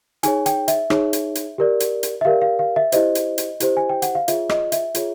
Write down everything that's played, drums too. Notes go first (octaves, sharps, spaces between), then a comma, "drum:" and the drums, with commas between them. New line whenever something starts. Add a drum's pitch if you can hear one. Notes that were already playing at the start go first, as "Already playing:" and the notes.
D#4 G#4 C#5 G#5, drum: hi-hat
G5, drum: hi-hat
E5, drum: hi-hat
D#4 G#4 C#5, drum: rim click
drum: hi-hat
drum: hi-hat
G4 A#4 D5
drum: hi-hat
drum: hi-hat
E5
G4 A#4 D5 F5
F5
F5
E5
E4 G4 C5 D#5, drum: hi-hat
drum: hi-hat
drum: hi-hat
E4 G4 C5, drum: hi-hat
G#5
G5
F#5, drum: hi-hat
F5
F4 G#4 C#5 E5, drum: hi-hat
D#5, drum: rim click
E5, drum: hi-hat
F4 G#4 C#5, drum: hi-hat